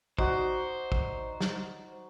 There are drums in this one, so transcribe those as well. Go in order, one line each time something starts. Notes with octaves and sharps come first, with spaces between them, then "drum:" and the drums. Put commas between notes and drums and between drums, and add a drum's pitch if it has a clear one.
D#4 F#4 C5 D5, drum: kick
drum: kick
drum: snare